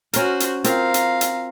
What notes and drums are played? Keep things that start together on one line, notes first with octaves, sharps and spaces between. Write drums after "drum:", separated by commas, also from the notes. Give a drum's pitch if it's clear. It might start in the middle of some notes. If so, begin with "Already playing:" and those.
C#4 F#4 A#4 C5, drum: hi-hat
drum: hi-hat
C4 F4 A#4 F5 A#5, drum: hi-hat
drum: hi-hat
drum: hi-hat